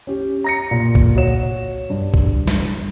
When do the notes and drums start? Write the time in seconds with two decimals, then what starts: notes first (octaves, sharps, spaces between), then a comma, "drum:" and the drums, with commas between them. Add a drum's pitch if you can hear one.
0.07 C#4 G4
0.44 A#5 A#6 C#7
0.71 A#2
0.95 drum: kick C2
1.16 F#4 C#5 E7
1.90 G2
2.14 drum: kick C2
2.47 drum: snare